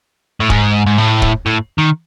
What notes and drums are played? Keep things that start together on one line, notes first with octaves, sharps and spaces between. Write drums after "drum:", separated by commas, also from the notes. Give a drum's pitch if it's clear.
A2
G#2, drum: kick
G#2
A2
drum: kick
A2
D#3